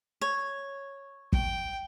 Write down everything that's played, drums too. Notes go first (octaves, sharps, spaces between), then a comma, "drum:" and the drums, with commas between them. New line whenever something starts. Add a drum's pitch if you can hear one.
C#5
G5, drum: kick